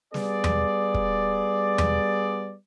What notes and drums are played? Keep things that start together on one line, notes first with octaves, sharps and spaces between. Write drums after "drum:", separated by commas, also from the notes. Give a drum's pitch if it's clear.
G3 B3 G#4 D5, drum: snare
drum: tom E2
drum: kick
drum: tom E2